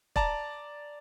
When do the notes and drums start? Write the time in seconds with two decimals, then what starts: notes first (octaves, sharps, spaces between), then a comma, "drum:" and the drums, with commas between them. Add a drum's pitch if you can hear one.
0.16 D5 A5 A#5, drum: kick